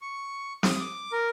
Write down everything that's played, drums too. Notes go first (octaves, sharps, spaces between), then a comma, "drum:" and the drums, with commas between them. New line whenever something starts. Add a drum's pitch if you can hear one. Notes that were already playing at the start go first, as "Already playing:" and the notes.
C#6
D#6, drum: snare
D6
A#4